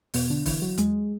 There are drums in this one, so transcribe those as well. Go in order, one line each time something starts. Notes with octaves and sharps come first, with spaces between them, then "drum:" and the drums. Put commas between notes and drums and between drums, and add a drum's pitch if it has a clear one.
E2 B2 B3, drum: open hi-hat
D3 D4
D3 E3 E4, drum: kick, open hi-hat
F#3 F#4
E2 G#3 G#4, drum: hi-hat